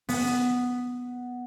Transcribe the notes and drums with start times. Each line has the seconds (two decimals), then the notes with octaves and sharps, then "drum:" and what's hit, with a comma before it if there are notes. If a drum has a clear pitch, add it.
0.09 B3, drum: open hi-hat